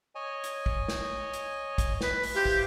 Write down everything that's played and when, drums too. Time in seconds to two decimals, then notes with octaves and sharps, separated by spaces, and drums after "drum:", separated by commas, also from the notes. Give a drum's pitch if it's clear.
0.15 C#5 D#5 G#5
0.44 drum: hi-hat
0.66 drum: kick
0.88 drum: snare
1.33 drum: hi-hat
1.78 drum: kick, hi-hat
2.01 B4, drum: snare
2.23 drum: open hi-hat
2.35 E4 G4 C5 F5
2.46 drum: kick